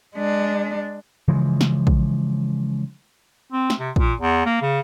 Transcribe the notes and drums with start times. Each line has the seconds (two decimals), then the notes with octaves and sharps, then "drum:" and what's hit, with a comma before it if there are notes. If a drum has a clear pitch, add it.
0.15 G#3 D4
1.28 C#3 E3 F3 G#3
1.61 drum: snare
1.87 drum: kick
3.52 C4
3.70 drum: snare
3.79 C3
3.96 A#2, drum: kick
4.19 E2
4.46 A#3
4.62 C#3